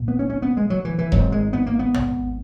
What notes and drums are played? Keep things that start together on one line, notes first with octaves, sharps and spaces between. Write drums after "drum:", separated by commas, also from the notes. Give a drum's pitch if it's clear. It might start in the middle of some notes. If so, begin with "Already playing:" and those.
Already playing: B1 A#2
B3
C#4
C#4
B3
G#3
F#3
E3
E3
G#1 G#2 F#3, drum: kick E1
G#3
B3
A#3
B3
drum: tom